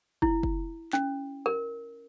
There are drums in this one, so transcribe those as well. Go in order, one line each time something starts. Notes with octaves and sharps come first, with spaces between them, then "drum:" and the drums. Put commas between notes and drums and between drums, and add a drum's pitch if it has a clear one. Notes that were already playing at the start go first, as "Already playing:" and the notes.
E4, drum: kick
drum: kick
C#4, drum: clap
A#4